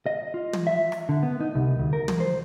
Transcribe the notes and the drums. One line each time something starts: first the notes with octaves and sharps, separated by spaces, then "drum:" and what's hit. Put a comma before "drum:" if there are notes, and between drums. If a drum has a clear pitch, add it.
D#5
F4
drum: tom
E5
drum: rim click
D3
B3
D#4
C2
D2
A#4
drum: tom
C5